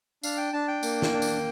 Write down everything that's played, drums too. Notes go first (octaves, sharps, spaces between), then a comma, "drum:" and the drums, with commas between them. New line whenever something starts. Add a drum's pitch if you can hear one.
D4 F5, drum: tambourine
G5
D4 A5
G5
A#3, drum: tambourine
drum: snare
D4
drum: tambourine